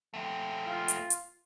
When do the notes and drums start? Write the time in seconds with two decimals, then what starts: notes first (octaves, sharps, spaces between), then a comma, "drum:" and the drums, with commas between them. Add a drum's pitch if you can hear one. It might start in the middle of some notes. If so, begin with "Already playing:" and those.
0.14 A3 C4
0.66 F4
0.88 drum: hi-hat
1.10 drum: hi-hat